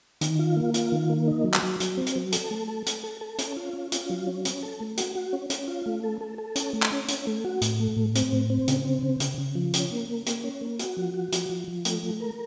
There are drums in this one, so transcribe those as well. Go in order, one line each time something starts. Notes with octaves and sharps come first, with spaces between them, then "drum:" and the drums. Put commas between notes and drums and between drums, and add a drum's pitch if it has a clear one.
D#3, drum: hi-hat
F4
A#3
F4, drum: hi-hat
D#3
A#3
D#4
F#3
drum: clap
F#3
F#3, drum: hi-hat
C4
drum: hi-hat
F#3
A4, drum: hi-hat
A3
A4
A4, drum: hi-hat
A4
A4
C#4, drum: hi-hat
F4
C#4
F4, drum: hi-hat
F#3
C#4
C#4, drum: hi-hat
A4
A3
F#4, drum: hi-hat
F#4
C#4
C#4, drum: hi-hat
F4
A3
A4
A4
A4
C#4, drum: hi-hat
A3
drum: clap
C#4
C#4, drum: hi-hat
A3
F#4
A2, drum: hi-hat
A3
A2
C4, drum: hi-hat
A2
C4
C#3, drum: hi-hat
C4
C#3
C#3, drum: hi-hat
C#3
F3
C#4, drum: hi-hat
A#3
A#3
A#3, drum: hi-hat
C#4
A#3
F#4, drum: hi-hat
F3
F#4
F3, drum: hi-hat
F3
F3
A3, drum: hi-hat
A3
A#4